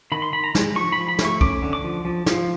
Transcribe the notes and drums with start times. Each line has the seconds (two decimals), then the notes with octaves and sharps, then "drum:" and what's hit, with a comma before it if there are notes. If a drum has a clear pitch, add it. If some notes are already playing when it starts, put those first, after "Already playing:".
0.12 D#3 B5
0.22 C6
0.33 D#3 B5
0.44 A#5
0.55 G#3, drum: snare
0.76 F3 C#6
0.92 B5
0.98 F3
1.08 B5
1.19 A3, drum: snare
1.25 C#6
1.41 C#4 D6, drum: kick
1.62 D3
1.73 D6
1.84 F3
2.05 F3
2.26 F3, drum: snare